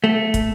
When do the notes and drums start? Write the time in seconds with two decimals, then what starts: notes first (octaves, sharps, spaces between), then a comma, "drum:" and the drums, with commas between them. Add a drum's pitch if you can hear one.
0.04 A3
0.34 drum: kick, hi-hat